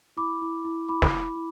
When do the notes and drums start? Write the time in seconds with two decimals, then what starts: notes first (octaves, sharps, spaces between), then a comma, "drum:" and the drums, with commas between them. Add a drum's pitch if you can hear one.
0.17 E4 B5 D6
0.42 E4
0.65 E4
0.89 E4 B5 D6
1.02 drum: snare
1.12 E4
1.36 E4